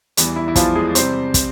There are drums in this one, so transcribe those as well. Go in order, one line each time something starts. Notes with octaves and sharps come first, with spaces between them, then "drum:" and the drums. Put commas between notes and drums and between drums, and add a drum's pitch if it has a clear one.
E2 E3 G3, drum: hi-hat
E4
E4
E2 E3 F3 G3 F4, drum: kick, hi-hat
G#3 G#4
C3 G3 C4 C5, drum: hi-hat
drum: kick, hi-hat